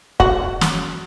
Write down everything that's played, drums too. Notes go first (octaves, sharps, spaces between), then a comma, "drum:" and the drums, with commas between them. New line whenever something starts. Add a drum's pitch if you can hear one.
F#4, drum: kick
drum: snare